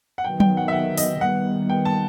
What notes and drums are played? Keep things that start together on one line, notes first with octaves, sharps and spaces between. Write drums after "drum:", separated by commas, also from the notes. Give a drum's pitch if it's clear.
F#5
D#3 F#3 B3 G5
G5, drum: tom F#3
F#5
E5
F#5
D#5, drum: open hi-hat
D#3 G3 B3 F#5
G5
A5